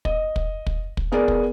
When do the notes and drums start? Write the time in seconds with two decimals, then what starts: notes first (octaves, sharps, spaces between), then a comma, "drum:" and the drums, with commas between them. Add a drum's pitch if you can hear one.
0.05 D#5, drum: kick
0.36 drum: kick
0.67 drum: kick
0.97 drum: kick
1.12 B3 G#4 A#4 D5
1.28 drum: kick